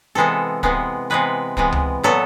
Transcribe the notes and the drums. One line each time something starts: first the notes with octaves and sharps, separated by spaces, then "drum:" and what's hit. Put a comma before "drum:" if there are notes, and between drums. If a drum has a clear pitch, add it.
C3 E3 G#3 B3 A4
C3 E3 G#3 B3, drum: kick
C3 E3 G#3 B3 B4
C3 E3 G#3 B3, drum: kick
drum: tom C#2
A#2 F#3 B3 A4